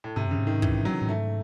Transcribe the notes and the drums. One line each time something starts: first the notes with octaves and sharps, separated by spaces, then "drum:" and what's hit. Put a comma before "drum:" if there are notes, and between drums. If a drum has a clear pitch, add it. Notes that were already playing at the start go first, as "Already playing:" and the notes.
A2
G#2 C3
F#2 C#3
G#2
D#3
E3, drum: kick
F#3
A2
G#2 A3